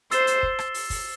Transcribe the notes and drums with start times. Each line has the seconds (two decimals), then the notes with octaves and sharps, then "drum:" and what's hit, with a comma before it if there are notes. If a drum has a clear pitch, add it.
0.11 C5 E6 A6 C7 E7 G7, drum: hi-hat
0.27 drum: hi-hat
0.43 drum: kick
0.59 drum: rim click
0.74 drum: open hi-hat
0.90 drum: kick, open hi-hat